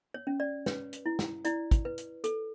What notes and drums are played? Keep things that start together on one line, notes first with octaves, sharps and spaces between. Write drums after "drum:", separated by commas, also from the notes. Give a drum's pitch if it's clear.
C#5
C#4
D5
B4 C#5, drum: snare
drum: hi-hat
E4
drum: snare
E4 D5, drum: hi-hat
drum: kick, hi-hat
B4
drum: hi-hat
A4, drum: hi-hat